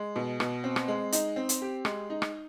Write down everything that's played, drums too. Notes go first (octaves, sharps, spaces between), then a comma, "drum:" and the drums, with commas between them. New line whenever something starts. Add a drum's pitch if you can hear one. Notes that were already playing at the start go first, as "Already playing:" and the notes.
Already playing: G#3
B2
B2, drum: rim click
C4
drum: rim click
G#3
D#4, drum: hi-hat
C4
drum: hi-hat
G4
G#3, drum: rim click
D#4
drum: rim click